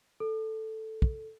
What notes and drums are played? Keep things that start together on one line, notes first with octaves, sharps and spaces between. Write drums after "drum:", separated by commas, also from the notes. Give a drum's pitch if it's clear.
A4
drum: kick